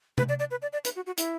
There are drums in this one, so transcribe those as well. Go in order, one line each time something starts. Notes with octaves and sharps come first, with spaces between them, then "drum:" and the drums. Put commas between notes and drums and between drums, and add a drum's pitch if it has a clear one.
B4, drum: tom C3
D5
D5
B4
D5
D5
B4, drum: hi-hat
F#4
F#4
E4, drum: hi-hat